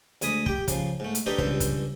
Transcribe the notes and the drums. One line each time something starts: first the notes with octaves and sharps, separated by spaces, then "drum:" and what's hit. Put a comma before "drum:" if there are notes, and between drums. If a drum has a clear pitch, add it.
D2 G#3 G#5 B5 D#6, drum: hi-hat
G4 G5, drum: kick
C#3 F3, drum: kick, hi-hat
G#2 A3
drum: hi-hat
D4 D#4 G4 A4 B4 C5
C#2 G2 A4 C5, drum: kick
drum: kick, hi-hat